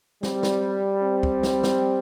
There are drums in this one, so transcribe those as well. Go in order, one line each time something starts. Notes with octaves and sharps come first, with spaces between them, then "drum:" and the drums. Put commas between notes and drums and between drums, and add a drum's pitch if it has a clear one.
G3 C4, drum: snare
drum: snare
C4
drum: kick
drum: snare
drum: snare